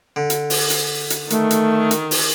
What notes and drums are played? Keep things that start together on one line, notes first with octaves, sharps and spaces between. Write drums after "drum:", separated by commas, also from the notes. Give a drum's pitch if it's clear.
D3
drum: hi-hat
drum: open hi-hat
drum: hi-hat
drum: hi-hat
D#3 A3, drum: hi-hat
drum: hi-hat
drum: hi-hat
drum: open hi-hat